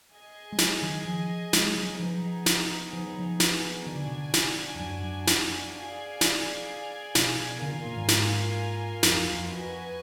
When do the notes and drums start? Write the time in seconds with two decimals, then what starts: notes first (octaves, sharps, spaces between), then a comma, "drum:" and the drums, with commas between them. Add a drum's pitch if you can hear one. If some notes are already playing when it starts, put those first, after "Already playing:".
0.12 G#4 D#5 G#5
0.52 G#3
0.58 F#3, drum: snare
0.82 D#3
1.05 F3
1.53 G#3, drum: snare
1.67 F#3
1.83 F#3
1.99 F3 B3 D#4 G#4
2.46 drum: snare
2.93 F3
3.06 F#3
3.20 F3
3.40 drum: snare
3.86 D#3 D4 F#4 D5 G#5
3.96 D3
4.06 B2
4.15 D3
4.34 drum: snare
4.75 F2
4.80 F#2
5.04 F#2
5.27 drum: snare
5.74 G#4 D5 F5 G#5
6.21 drum: snare
7.15 B2, drum: snare
7.62 D3 A#3 F4 A#4 F5 G#5
7.73 D#3
7.85 A#2
7.96 G#2
8.08 drum: snare
9.03 F#2, drum: snare
9.12 F2
9.32 F2
9.49 F#4 B4 D#5 G#5